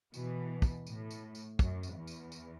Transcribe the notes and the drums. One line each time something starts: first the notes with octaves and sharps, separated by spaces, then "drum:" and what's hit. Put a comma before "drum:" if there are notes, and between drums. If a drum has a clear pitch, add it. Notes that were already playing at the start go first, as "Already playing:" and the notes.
B2 E3, drum: tambourine
drum: kick, tambourine
A2, drum: tambourine
drum: tambourine
drum: tambourine
F#2, drum: kick, tambourine
drum: tambourine
E2
drum: tambourine
drum: tambourine